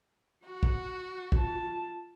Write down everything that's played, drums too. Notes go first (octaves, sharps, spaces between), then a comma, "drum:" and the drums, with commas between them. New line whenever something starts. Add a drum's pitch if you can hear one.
F#4 F#5
drum: kick
F4 A5, drum: kick